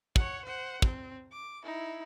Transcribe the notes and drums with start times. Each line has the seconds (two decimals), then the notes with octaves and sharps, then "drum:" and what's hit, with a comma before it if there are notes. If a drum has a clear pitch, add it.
0.16 C#5 F#5, drum: kick
0.45 C5 F#5
0.82 C4, drum: kick
1.32 D6
1.64 D#4 E4